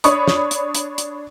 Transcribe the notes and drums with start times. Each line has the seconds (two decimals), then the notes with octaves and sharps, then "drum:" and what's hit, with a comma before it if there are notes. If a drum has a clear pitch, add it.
0.04 D4 C#5 B5 C#6 D#6, drum: hi-hat
0.28 drum: snare
0.51 drum: hi-hat
0.75 drum: hi-hat
0.98 drum: hi-hat